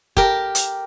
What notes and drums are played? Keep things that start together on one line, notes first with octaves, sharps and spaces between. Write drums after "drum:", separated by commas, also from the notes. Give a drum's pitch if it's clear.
G4 A#4, drum: kick
drum: hi-hat